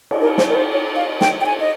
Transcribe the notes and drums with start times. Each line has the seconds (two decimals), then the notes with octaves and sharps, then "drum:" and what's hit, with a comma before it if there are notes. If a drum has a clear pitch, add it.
0.11 drum: cymbal
0.21 A#4
0.38 C5, drum: snare
0.50 A#4
0.55 C5
0.71 C#5
0.96 F5
1.21 G5, drum: snare
1.41 G5
1.46 G#5
1.60 D#5